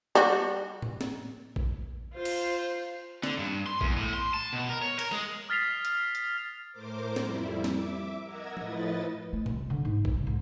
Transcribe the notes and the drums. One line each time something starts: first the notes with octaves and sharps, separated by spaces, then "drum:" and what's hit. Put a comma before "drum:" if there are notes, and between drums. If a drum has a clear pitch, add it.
G3 F#4
drum: tom A2
drum: snare
drum: kick A#1
F4 C5
drum: cymbal
D3, drum: snare
G2
C6
E2, drum: kick A#1
A2
C6
A5
B2
A#4
C#5
A#4, drum: cymbal
G#3
D#6 F6 A6 B6 C7 F7
drum: hi-hat
drum: hi-hat
A2 A#4 C5 D6
F2 G3 E4, drum: snare
E5 D6, drum: snare
A#4 D#5 F#5 E6 G#6 A#6
A2 F3 E4 B4 D#5 A6, drum: tom F3
A3
C2, drum: tom A2
D3 D#3
G#2
drum: kick A#1
G2 C#3
A#1 G#2